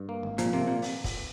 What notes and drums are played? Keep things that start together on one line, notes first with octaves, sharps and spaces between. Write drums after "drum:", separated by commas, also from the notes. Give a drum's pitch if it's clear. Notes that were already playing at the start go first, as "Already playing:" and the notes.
Already playing: G2
A#3
G#1
A#2 F3, drum: hi-hat
C3 A#3
A#2
drum: open hi-hat
drum: kick, open hi-hat